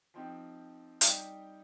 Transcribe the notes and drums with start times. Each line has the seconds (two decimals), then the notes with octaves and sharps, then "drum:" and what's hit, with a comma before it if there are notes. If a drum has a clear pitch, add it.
0.14 F3 C4 D#4 G4
1.01 G3 D#4 G4, drum: hi-hat